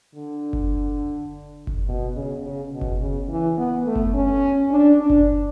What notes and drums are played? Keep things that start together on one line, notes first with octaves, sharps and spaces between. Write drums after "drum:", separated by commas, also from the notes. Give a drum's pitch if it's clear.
D3
drum: kick F#1
drum: kick F#1
B2
C#3
C#3
B2
drum: kick F#1
C#3
E3
B3
A3
drum: kick F#1
C#4
D4
D4
drum: kick F#1